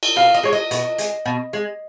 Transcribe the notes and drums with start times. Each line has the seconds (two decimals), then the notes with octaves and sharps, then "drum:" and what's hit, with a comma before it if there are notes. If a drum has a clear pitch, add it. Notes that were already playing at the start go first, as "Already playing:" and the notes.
0.03 drum: cymbal
0.16 B2 F5
0.34 D#5
0.43 G#3 C#5
0.53 D#5
0.71 B2, drum: hi-hat
0.98 G#3, drum: hi-hat
1.26 B2
1.53 G#3